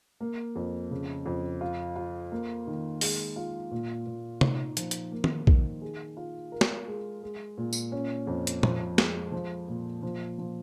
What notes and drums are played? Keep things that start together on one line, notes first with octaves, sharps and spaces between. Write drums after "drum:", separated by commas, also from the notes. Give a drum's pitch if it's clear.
A#3
F2
C#3
F2
F4
F4
A#3
D#3
G#3, drum: open hi-hat
F4
A#2
A#2
D#4, drum: tom
F3, drum: hi-hat
drum: hi-hat
A#3
drum: tom
D#3, drum: kick
G#4
F4
A#4
drum: snare
G#3
G#3
A#2
drum: tambourine
C#4
F2
drum: hi-hat
F3, drum: tom A#2
G#3, drum: snare
F3
A#2
F3
F3